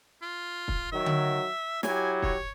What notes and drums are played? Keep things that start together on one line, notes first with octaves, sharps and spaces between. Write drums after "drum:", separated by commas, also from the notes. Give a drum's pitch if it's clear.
F4
drum: kick
D#3 F#3 E5
drum: tom D3
F#3 E4 G4 G#5, drum: snare
C#5, drum: kick